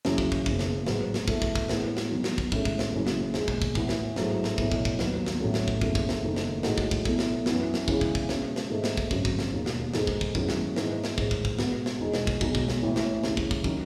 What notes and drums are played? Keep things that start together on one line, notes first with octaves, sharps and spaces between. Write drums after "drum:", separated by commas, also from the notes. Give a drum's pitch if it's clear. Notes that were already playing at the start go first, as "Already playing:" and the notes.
F#1 F#2 C#3 E3, drum: snare
drum: kick
drum: kick
F#1 E2 C#3, drum: kick
drum: snare
A1 G#2 F#3 B3, drum: snare
drum: snare
E2 B2 A3 E4, drum: kick
drum: kick
drum: kick
A2 E3 G#3 B3, drum: snare
drum: snare
E2 D#3 F#3
drum: snare
drum: kick
A2 G#3 C#4 E4 A4, drum: kick
drum: kick
drum: snare
F#1 F#2 E3
drum: snare
E1 D#2 D#3 G#3, drum: snare
drum: kick
drum: kick
A2 E3 B3, drum: kick
drum: snare
A1 G#2 F#3 A3 E4, drum: snare
drum: snare
B1 A2 E3 A3 E4, drum: kick
drum: kick
drum: kick
D#2 D#3 F#3 B3, drum: snare
drum: snare
A1 A2 F#3 A3 C#4
drum: snare
drum: kick
F#1 E2 C#3 E3 A3, drum: kick
drum: kick
drum: snare
F#1 E2 D#3 A3 D#4
drum: snare
A2 G#3 D#4 F#4 A4, drum: snare
drum: kick
drum: kick
B1 B2 A3 E4 A4, drum: kick
drum: snare
F#2 E3 B3, drum: snare
drum: snare
E2 C#3 E3 G#3 C#4, drum: kick
drum: kick
drum: kick
B2 G#3 C#4, drum: snare
drum: snare
G#2 D#3 A3 D#4
drum: snare
drum: kick
G#1 F#2 C#3 F#3, drum: kick
drum: kick
drum: snare
E1 D#2 D#3
drum: snare
G#2 D#3 G#3 D#4 A4, drum: snare
drum: kick
drum: kick
F#2 D#3 G#3 B3 E4, drum: kick
drum: snare
G#2 E3 B3 D#4, drum: snare
drum: snare
A1 G#2 D#3, drum: kick
drum: kick
drum: kick
B2 G#3 B3, drum: snare
drum: snare
E1 E2 B2 G#3 D#4
drum: snare
drum: kick
B1 B2 G#3 D#4 F#4, drum: kick
drum: kick
drum: snare
A1 A2 E3
drum: snare
D#2 C#3 G#3 C#4 E4, drum: snare
drum: kick
drum: kick
D#3 F#3 C#4, drum: kick